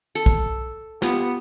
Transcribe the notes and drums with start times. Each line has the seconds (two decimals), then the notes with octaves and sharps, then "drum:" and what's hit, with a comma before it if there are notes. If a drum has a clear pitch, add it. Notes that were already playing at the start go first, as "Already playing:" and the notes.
0.15 A4
0.26 drum: kick
1.02 B3 F4 G4, drum: snare